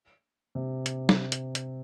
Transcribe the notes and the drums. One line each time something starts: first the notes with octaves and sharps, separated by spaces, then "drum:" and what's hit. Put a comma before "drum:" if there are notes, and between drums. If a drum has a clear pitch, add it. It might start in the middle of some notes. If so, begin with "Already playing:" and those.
C3
drum: hi-hat
drum: snare
drum: hi-hat
drum: hi-hat